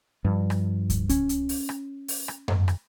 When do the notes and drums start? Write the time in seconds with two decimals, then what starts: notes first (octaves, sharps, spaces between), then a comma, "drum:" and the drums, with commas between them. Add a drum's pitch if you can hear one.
0.25 G2 F3
0.50 drum: rim click
0.90 drum: kick, hi-hat
1.09 C#4, drum: kick, hi-hat
1.29 drum: hi-hat
1.49 drum: open hi-hat
1.69 drum: rim click
2.08 drum: open hi-hat
2.28 drum: rim click
2.48 drum: tom F#2
2.68 drum: rim click